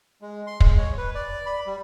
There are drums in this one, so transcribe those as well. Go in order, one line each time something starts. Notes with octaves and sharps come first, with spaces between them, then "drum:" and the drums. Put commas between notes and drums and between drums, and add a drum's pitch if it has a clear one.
G#3
C6
G#3, drum: kick
C#5
B4
D5
B5
G3